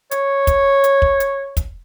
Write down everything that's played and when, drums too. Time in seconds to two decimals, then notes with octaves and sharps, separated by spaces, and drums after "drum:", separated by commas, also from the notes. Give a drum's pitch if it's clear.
0.11 C#5, drum: hi-hat
0.47 drum: kick, hi-hat
0.84 drum: hi-hat
1.02 drum: kick
1.20 drum: hi-hat
1.57 drum: kick, hi-hat